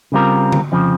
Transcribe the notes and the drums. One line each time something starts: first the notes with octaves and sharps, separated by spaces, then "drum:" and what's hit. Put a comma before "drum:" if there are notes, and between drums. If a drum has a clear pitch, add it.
C#3 G3 C4 F4 A#4
drum: tom D3
F2 C#3 F3